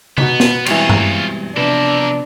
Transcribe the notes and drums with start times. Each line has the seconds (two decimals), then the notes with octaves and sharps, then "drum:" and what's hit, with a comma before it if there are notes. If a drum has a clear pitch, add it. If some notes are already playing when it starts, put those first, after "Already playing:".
0.18 B2 B3 D#4, drum: tom C3
0.40 drum: snare
0.66 E3 G3 G#3 C4 F4 C#5 G5, drum: cymbal
0.89 drum: tom G2
1.57 C3 F3 B3 D4 A#4 B4 E5